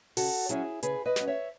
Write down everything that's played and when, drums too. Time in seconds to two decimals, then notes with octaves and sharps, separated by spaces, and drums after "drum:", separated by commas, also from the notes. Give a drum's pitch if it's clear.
0.17 C#3 F#4 A4, drum: open hi-hat
0.49 F#3 C#4 E4 G#4, drum: hi-hat
0.83 C#3 G#4 B4, drum: hi-hat
1.05 B4 D#5
1.16 F#3 C#4, drum: snare
1.27 C#5 E5